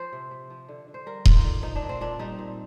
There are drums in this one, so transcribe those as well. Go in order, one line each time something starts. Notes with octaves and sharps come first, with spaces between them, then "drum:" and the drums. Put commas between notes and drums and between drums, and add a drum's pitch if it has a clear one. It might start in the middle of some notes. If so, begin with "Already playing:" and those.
Already playing: F3 C5
C3
C3
F3
D3
D3
C5
G3 A#4
D3 F4, drum: kick D#1
D#4
D3
F3 D#4
D4
A#2
C4
A#2 D4
G3 D#4
A#2